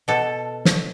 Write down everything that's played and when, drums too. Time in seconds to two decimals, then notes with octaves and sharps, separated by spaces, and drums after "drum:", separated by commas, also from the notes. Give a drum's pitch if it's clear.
0.08 B2 A4
0.65 drum: snare